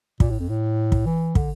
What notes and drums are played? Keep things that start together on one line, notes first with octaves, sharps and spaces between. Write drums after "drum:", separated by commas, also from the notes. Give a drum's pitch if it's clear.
A#2, drum: kick
A2
F2
A2
drum: kick
E3
D3, drum: kick